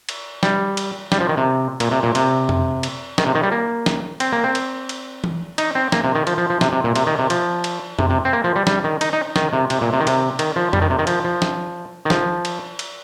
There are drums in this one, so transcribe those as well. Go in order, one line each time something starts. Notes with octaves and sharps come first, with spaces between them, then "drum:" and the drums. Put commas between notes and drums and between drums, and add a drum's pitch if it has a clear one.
drum: cymbal
G3, drum: snare
drum: cymbal
G3, drum: snare
F3
D#3
C3
A#2, drum: cymbal
C3
A#2
C3, drum: cymbal
drum: tom F2
drum: cymbal
D#3, drum: snare
C3
D#3
G3
A#3
drum: snare
C4, drum: cymbal
A#3
C4
drum: cymbal
drum: cymbal
drum: tom E3
D#4, drum: cymbal
C4
A#3, drum: snare
C3
D#3
F3, drum: cymbal
F3
F3
C3, drum: snare
C3
A#2
C3, drum: cymbal
D#3
C3
F3, drum: cymbal
drum: cymbal
C3, drum: tom F2
C3
C4
A#3
F3
G3
G3, drum: snare
D#3
D#4, drum: cymbal
D#4
D#3, drum: snare
C3
C3, drum: cymbal
A#2
C3
D#3
C3, drum: cymbal
D#3, drum: cymbal
F3
G3, drum: tom F2
D#3
C3
D#3
F3, drum: cymbal
F3
drum: snare
D#3
F3, drum: snare
drum: cymbal
drum: cymbal